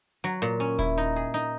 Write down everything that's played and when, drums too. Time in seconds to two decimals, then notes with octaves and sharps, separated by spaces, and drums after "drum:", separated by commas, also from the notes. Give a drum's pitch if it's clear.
0.24 F#3, drum: hi-hat
0.42 A#2
0.60 C#4
0.79 E4, drum: kick D#1
0.98 D#4, drum: hi-hat
1.16 G#4
1.34 D#4, drum: hi-hat